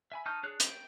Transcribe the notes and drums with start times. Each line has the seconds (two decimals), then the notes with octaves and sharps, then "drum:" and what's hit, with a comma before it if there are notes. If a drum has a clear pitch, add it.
0.12 E5 G#5 B5
0.26 D#4 A5 C#6 F6 G6
0.43 D4 G#4 C#5 F#6
0.60 G5, drum: hi-hat